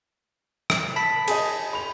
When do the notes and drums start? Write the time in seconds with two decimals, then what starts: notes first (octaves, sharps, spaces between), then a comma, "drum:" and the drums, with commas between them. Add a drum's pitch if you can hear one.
0.70 drum: rim click
0.96 A5 B5 B6
1.28 G#4 D#5, drum: cymbal
1.73 B5 F7